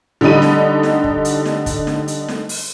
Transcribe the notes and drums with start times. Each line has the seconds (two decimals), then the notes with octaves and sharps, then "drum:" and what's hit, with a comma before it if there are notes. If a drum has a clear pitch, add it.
0.21 D3 G3 D#4 B5 D#7
0.42 drum: snare
0.83 drum: snare
1.04 drum: kick
1.25 drum: hi-hat
1.45 drum: snare
1.66 drum: kick, hi-hat
1.87 drum: snare
2.08 drum: hi-hat
2.28 drum: snare
2.49 drum: open hi-hat